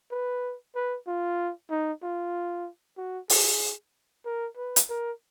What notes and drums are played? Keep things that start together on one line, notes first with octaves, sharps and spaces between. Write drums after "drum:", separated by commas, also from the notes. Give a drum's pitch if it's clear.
B4
B4
F4
D#4
F4
F#4
G#4, drum: open hi-hat
A#4
B4
drum: hi-hat
A#4